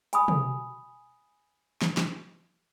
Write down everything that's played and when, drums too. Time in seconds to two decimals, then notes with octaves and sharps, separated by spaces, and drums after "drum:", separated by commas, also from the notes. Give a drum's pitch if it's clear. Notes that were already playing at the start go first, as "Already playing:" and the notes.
0.13 G#5 B5 D#6, drum: hi-hat
0.28 drum: tom
1.82 drum: snare
1.97 drum: snare